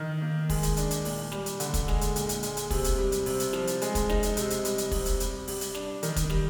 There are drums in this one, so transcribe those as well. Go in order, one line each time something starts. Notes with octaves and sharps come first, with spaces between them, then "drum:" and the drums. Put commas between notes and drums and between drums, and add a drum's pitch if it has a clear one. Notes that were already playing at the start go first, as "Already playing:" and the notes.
Already playing: D#3
A#3
G#3, drum: kick, open hi-hat
drum: hi-hat
D4, drum: hi-hat
drum: hi-hat
A#2, drum: open hi-hat
G3, drum: snare
drum: hi-hat
D3, drum: hi-hat
drum: kick, hi-hat
G#3, drum: snare
drum: hi-hat
A#2, drum: hi-hat
drum: hi-hat
G#3, drum: hi-hat
drum: hi-hat
C3, drum: kick, open hi-hat
drum: hi-hat
G3
drum: hi-hat
C3, drum: open hi-hat
drum: hi-hat
F3, drum: snare
drum: hi-hat
G#3, drum: hi-hat
drum: kick, hi-hat
D#4, drum: snare
drum: hi-hat
C3, drum: hi-hat
drum: hi-hat
G3, drum: hi-hat
drum: hi-hat
C3, drum: kick, open hi-hat
drum: hi-hat
G3, drum: hi-hat
G3, drum: open hi-hat
drum: hi-hat
D4, drum: snare
D#3, drum: hi-hat
drum: kick, hi-hat
G3, drum: snare